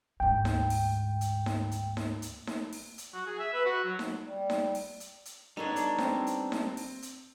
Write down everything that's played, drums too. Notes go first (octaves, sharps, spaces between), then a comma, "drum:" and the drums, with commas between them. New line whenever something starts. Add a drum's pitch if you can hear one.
D2 G#2 G5
drum: snare D#4
drum: open hi-hat
drum: hi-hat
drum: snare D#4
drum: hi-hat
drum: snare D#4
drum: hi-hat
drum: snare D#4
drum: open hi-hat
drum: hi-hat
F#4
G#4
E5
B4
F#4
F#3
drum: snare D#4
G3
drum: snare D#4
drum: open hi-hat
drum: hi-hat
drum: hi-hat
G3 B3 D4 D#4 A4 C#5
drum: hi-hat
C4, drum: snare D#4
drum: hi-hat
drum: snare D#4
drum: open hi-hat
drum: hi-hat